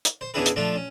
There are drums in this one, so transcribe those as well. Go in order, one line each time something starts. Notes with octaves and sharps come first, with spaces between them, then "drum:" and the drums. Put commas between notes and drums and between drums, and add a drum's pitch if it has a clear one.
drum: hi-hat
C5
E2 C#3 D4 E4 G#4 B4
drum: hi-hat
F3 A3 D4 F4
C#4